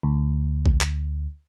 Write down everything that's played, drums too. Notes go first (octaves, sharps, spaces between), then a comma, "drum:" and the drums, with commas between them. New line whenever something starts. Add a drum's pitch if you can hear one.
D2
drum: kick A#1
drum: clap